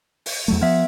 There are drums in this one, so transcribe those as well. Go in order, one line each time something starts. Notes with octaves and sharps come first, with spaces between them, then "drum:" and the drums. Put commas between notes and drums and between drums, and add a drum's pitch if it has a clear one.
drum: open hi-hat
E2 F#3 A3
F3 B3 E5